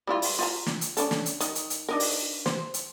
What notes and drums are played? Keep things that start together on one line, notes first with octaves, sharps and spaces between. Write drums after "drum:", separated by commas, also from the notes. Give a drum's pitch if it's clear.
G3 E4 F4
drum: open hi-hat
F4 F5 A#5
drum: snare
drum: hi-hat
C#4 D4 A4, drum: hi-hat
drum: snare
drum: hi-hat
D#3, drum: hi-hat
drum: hi-hat
drum: hi-hat
D4 D#4 A#4
drum: open hi-hat
C5, drum: snare
drum: hi-hat